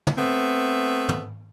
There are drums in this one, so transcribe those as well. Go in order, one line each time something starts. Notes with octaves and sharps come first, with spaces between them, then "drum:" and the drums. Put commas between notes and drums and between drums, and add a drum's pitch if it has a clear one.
drum: tom
A3 B3 C4 E5
drum: tom